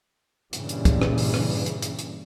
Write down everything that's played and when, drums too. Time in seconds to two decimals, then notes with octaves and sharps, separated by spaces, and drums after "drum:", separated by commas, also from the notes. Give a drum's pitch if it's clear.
0.53 G2 A#2 C#3 E3 G3, drum: hi-hat
0.69 drum: hi-hat
0.85 drum: kick, hi-hat
1.01 drum: rim click
1.18 drum: open hi-hat
1.34 drum: rim click
1.50 drum: open hi-hat
1.66 drum: hi-hat
1.82 drum: hi-hat
1.99 drum: hi-hat